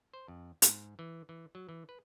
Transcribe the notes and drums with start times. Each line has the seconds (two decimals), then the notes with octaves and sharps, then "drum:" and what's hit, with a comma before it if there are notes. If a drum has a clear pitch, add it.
0.14 C5
0.28 F2
0.62 G#2, drum: hi-hat
0.99 E3
1.29 E3
1.55 F#3
1.69 E3
1.89 B4